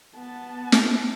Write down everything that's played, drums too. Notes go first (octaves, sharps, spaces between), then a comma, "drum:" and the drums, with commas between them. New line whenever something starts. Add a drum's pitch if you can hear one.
B3 A5
drum: snare